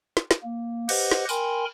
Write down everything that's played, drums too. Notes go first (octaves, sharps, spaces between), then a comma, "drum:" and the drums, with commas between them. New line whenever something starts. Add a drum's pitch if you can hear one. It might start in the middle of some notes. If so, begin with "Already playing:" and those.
drum: snare
drum: snare
A#3
G4 B4 C5 D#5 F#5, drum: cymbal
drum: snare
A#4 G5 G#5 B5 C6, drum: tambourine